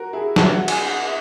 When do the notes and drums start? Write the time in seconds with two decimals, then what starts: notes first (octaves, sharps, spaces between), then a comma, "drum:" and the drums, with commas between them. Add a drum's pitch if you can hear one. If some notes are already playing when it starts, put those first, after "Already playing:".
Already playing: F#4 A#4
0.13 E4 G#4
0.36 F#4 E5, drum: snare
0.52 F#5
0.68 G#5, drum: cymbal
0.83 F#5
1.06 E5